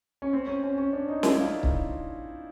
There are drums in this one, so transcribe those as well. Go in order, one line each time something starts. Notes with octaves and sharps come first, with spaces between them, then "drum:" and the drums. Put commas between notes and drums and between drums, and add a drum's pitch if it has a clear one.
C#4
C4
C#4
C#4
C#4
D4
D#4
E4, drum: snare
F4
drum: kick C#1